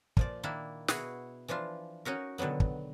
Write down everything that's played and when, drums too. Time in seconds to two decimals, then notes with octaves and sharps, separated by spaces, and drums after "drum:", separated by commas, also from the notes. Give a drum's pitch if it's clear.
0.17 A#2 F3 D5, drum: kick
0.43 D#3 A#3 D4 E4
0.88 B2 E4 F#4 G#4, drum: snare
1.48 E3 F3 D4 F4
2.05 C#4 D#4 F#4 A#4
2.38 B2 D3 D#3 F#3 B3
2.60 drum: kick